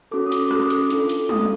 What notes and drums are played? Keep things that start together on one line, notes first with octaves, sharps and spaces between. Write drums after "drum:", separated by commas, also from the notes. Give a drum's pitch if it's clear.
C#4 F#4 A4 D6
D#6
D6, drum: hi-hat
drum: rim click
drum: hi-hat
D4 F4 A4, drum: hi-hat
drum: hi-hat
D#6, drum: tom G3